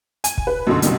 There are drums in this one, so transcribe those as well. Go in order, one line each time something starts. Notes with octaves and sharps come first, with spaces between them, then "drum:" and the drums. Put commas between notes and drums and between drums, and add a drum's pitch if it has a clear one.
G#5, drum: hi-hat
drum: kick
B4
F#2 B2 D3 C6
C2 F#2 B2 D#3 G3, drum: hi-hat